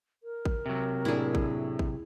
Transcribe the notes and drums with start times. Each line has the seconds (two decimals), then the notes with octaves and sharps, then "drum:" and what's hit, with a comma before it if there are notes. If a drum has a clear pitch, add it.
0.23 A#4
0.45 drum: kick
0.66 C3 F#3
1.05 A2 A#3 D4 E4 G#4
1.35 drum: kick
1.79 drum: kick